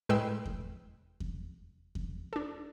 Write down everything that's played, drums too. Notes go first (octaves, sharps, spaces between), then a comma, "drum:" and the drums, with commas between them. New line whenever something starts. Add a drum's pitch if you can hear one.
A2 G#3 B4 G5 C6 E6
drum: kick E2
drum: kick E2
drum: kick E2
D4 A4